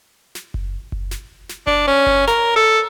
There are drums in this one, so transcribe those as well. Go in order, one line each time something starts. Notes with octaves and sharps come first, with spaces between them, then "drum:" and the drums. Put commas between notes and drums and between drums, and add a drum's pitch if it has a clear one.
drum: snare
drum: kick F#1
drum: kick F#1
drum: snare
drum: snare
D4, drum: kick F#1
C#4
drum: kick F#1
A#4, drum: snare
A4